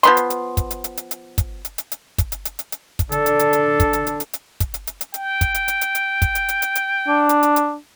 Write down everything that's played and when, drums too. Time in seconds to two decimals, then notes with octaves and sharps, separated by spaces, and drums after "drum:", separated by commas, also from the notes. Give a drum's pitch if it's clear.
0.03 F3 B3 C6, drum: hi-hat
0.17 drum: hi-hat
0.30 drum: hi-hat
0.57 drum: kick, hi-hat
0.71 drum: hi-hat
0.84 drum: hi-hat
0.97 drum: hi-hat
1.11 drum: hi-hat
1.38 drum: kick, hi-hat
1.65 drum: hi-hat
1.78 drum: hi-hat
1.92 drum: hi-hat
2.18 drum: kick, hi-hat
2.32 drum: hi-hat
2.45 drum: hi-hat
2.59 drum: hi-hat
2.72 drum: hi-hat
2.99 drum: kick, hi-hat
3.12 D3 D4 A4, drum: hi-hat
3.26 drum: hi-hat
3.39 drum: hi-hat
3.53 drum: hi-hat
3.80 drum: kick, hi-hat
3.93 drum: hi-hat
4.07 drum: hi-hat
4.20 drum: hi-hat
4.33 drum: hi-hat
4.60 drum: kick, hi-hat
4.74 drum: hi-hat
4.87 drum: hi-hat
5.01 drum: hi-hat
5.14 G5, drum: hi-hat
5.41 drum: kick, hi-hat
5.54 drum: hi-hat
5.68 drum: hi-hat
5.81 drum: hi-hat
5.95 drum: hi-hat
6.22 drum: kick, hi-hat
6.35 drum: hi-hat
6.49 drum: hi-hat
6.62 drum: hi-hat
6.75 drum: hi-hat
7.08 D4
7.29 drum: hi-hat
7.43 drum: hi-hat
7.56 drum: hi-hat